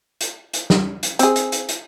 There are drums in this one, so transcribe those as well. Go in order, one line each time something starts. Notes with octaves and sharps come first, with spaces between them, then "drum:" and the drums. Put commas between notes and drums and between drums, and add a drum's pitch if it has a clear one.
drum: hi-hat
drum: hi-hat
drum: snare
drum: hi-hat
C4 G#4, drum: hi-hat
drum: hi-hat
drum: hi-hat
drum: hi-hat